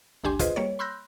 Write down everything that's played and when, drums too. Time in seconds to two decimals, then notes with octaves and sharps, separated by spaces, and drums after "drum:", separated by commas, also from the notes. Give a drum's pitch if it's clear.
0.24 G#1 D2 D4 G4 G#5 C6
0.39 F4 G#4 B4 C5 D#5, drum: kick, hi-hat
0.56 G3 A#3 C#5
0.79 B5 C6 E6 F#6 G6 A#6